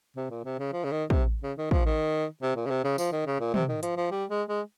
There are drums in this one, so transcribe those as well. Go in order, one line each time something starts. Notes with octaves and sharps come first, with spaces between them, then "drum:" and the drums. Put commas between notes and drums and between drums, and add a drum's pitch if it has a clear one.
C3
A#2
C3
C#3
F3
C#3
D#3
C3, drum: kick
C#3
D#3
F3, drum: kick
D#3
C3
A#2
C#3
C3
C#3
F3, drum: tambourine
D#3
C#3
A#2
C3, drum: tom
D#3
F3, drum: hi-hat
F3
G3
G#3
G#3